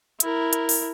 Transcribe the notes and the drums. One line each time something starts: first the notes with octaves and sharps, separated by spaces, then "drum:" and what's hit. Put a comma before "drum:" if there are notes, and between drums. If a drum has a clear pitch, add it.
E4 A#4, drum: hi-hat
drum: hi-hat
drum: open hi-hat